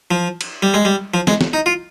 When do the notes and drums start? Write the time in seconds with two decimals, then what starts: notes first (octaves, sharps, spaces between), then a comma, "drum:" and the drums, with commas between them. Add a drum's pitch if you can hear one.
0.11 F3
0.41 drum: cymbal
0.62 G3
0.74 G#3
0.85 G3
1.14 F3
1.27 G#3, drum: snare
1.41 drum: snare
1.53 D#4
1.66 F4